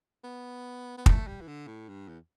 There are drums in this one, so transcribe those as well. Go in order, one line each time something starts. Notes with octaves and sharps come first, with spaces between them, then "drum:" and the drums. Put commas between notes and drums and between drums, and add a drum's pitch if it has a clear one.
B3
B3
A3, drum: kick
G3
E3
D3
A2
G2
E2